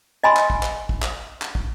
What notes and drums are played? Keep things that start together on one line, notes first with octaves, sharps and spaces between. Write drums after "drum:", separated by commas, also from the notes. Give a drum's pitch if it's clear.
D#5 G#5 B5 C6
drum: clap
drum: kick
drum: clap
drum: kick
drum: clap
drum: clap
drum: kick